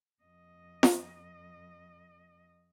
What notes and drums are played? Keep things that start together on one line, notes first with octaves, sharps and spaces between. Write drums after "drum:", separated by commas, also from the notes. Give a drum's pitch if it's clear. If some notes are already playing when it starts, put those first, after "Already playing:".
F2 D#5
drum: snare F4